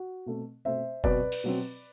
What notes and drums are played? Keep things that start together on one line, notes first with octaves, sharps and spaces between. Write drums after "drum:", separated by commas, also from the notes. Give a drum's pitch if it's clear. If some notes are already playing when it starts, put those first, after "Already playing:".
Already playing: F#4
B2 A3 C4
B2 A3 C4 C5 E5
B2 F#3 C4 B4 D5, drum: kick
drum: open hi-hat
B2 F#3 C4